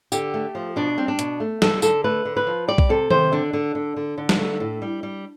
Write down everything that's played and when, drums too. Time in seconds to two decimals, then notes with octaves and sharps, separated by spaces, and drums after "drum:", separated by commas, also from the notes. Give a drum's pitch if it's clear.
0.12 D3 G4, drum: tambourine
0.34 A3
0.55 F3
0.76 B2 D4
0.97 G3 C4
1.08 D4
1.19 B2, drum: hi-hat
1.40 A3
1.62 D3 A4, drum: snare
1.82 D3 A4, drum: tambourine
2.04 A3 B4
2.25 D3
2.37 B4
2.47 F3
2.68 G3 D5
2.78 drum: kick B1
2.89 C3 A4
3.11 C3 C5, drum: tom D#3
3.32 D3 D4
3.53 D3
3.75 D3
3.96 D3
4.18 D3
4.29 drum: snare
4.39 A3
4.60 A2
4.82 G3
5.03 G3